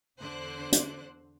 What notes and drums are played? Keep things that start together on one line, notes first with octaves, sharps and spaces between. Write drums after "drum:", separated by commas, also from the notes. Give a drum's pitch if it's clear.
E2 D3 C5 F#6
drum: hi-hat